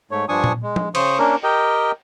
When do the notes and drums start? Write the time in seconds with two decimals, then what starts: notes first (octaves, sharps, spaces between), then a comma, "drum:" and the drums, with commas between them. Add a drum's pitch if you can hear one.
0.11 G#2 A3 C#5
0.29 G2 F3 D4 G#5 C#6 D#6
0.44 drum: tom A#2
0.63 G#3
0.76 drum: tom F3
0.95 C#3 C5 C#6 D#6, drum: cymbal
1.19 A#3 C#4 D4 A#4
1.43 G4 A#4 D#5 G5